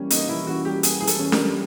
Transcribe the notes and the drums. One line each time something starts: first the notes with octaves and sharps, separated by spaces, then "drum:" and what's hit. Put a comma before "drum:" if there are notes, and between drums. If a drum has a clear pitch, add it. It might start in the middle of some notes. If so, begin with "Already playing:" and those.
Already playing: E3 G3 A#3 C#4
A#3 D#4, drum: hi-hat
E3 E4
C#4 F#4
G3 G4
A#3 G#4, drum: hi-hat
E3 G#4
A4, drum: hi-hat
C#4
A#4, drum: snare D4
G3